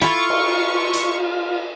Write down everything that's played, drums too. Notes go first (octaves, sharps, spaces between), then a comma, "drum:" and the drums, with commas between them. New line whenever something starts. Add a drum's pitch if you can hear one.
E4 F4 A4 C#6
drum: cymbal
drum: hi-hat